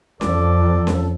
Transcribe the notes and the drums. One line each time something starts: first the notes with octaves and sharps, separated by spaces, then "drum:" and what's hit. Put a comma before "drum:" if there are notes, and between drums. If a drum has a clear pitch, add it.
F2 A4 D5, drum: snare C#4
drum: snare C#4